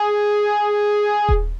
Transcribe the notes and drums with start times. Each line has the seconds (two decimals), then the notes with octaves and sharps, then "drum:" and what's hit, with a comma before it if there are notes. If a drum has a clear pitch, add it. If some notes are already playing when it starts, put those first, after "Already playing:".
Already playing: G#4
1.29 drum: kick D#1